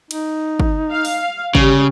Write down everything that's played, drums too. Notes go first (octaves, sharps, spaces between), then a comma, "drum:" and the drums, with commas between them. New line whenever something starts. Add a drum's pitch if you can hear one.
D#4, drum: cymbal
drum: kick
F5
drum: open hi-hat
C#3 G3, drum: kick